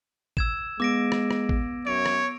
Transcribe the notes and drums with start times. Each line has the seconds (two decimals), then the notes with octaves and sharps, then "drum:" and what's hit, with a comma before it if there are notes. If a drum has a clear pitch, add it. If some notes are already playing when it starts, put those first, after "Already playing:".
0.37 E6 G#6 E7, drum: kick A1
0.80 G#3 B3 D6 A#6 D7
1.12 drum: rim click
1.31 drum: rim click
1.49 drum: kick A1
1.87 F#2 C#5 D7
2.06 drum: rim click